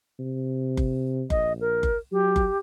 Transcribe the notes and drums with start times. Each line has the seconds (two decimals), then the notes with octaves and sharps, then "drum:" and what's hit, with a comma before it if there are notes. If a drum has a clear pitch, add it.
0.19 C3
0.77 drum: kick F#1
1.30 A#1 D#5, drum: kick F#1
1.61 A#4
1.83 drum: kick F#1
2.12 F#3 G4
2.36 drum: kick F#1